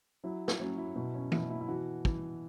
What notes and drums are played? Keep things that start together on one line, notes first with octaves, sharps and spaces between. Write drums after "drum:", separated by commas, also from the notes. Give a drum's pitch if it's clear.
F#3 E4
drum: snare
F#3 C#4
E4
B2 E4
C#4
B2 E4, drum: tom E3
E4
E4
E3 F#4
E3, drum: kick